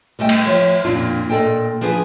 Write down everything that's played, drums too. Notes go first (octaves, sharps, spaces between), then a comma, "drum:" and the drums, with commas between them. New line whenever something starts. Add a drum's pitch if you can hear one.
G3 A3 D#5 G5
drum: cymbal
F3 C#5 E5
F2 A#2 C4 D4 F4
A#2 F3 A4 D#5 G5
F3 D4 G#4 B4